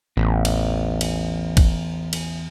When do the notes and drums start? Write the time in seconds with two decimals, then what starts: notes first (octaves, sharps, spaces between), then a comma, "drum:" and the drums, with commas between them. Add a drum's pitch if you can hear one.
0.17 A1 E2
0.45 drum: cymbal
1.01 drum: cymbal
1.57 drum: kick, cymbal
2.13 drum: cymbal